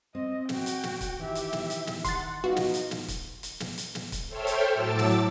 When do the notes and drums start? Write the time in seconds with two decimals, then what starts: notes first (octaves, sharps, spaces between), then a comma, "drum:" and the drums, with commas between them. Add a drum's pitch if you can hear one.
0.15 C4 D#5
0.49 F#4 G5, drum: snare
0.66 drum: hi-hat
0.83 drum: snare
1.01 drum: kick, hi-hat
1.20 D#3 E3 G4 E5
1.35 drum: hi-hat
1.53 drum: snare
1.70 drum: hi-hat
1.87 drum: snare
2.05 D#3 F#5 C6 A6, drum: kick, hi-hat
2.44 B3 D#4 F4 F#4 F5
2.56 drum: snare
2.74 drum: hi-hat
2.91 drum: snare
3.08 drum: kick, hi-hat
3.43 drum: hi-hat
3.60 drum: snare
3.78 drum: hi-hat
3.95 drum: snare
4.12 drum: kick, hi-hat
4.28 A4 C5 C#5 E5 G5 F6
4.47 drum: hi-hat
4.73 A2 F#3 A5 D6 E6 A6
4.99 drum: snare